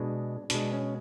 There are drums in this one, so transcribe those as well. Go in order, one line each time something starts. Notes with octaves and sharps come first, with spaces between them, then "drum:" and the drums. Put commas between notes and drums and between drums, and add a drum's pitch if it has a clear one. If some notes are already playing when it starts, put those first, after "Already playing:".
Already playing: B2 G#3 D4
B2 G#3 D4, drum: hi-hat
C#4